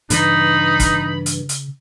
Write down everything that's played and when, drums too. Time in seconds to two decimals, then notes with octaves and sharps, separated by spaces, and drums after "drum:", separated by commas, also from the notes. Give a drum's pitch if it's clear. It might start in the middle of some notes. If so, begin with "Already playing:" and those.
0.10 G2 C#3 E3 D#4 B5, drum: hi-hat
0.80 drum: kick F#1, hi-hat
1.26 drum: hi-hat
1.49 drum: hi-hat